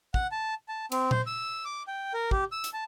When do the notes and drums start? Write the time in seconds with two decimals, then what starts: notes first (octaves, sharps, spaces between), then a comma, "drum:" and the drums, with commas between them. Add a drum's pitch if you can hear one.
0.14 F#5, drum: kick
0.32 A5
0.69 A5
0.92 C4, drum: cymbal
1.11 C5, drum: tom A#2
1.26 E6
1.65 D6
1.88 G5
2.14 A#4
2.31 G4, drum: kick
2.52 E6
2.64 drum: hi-hat
2.73 A5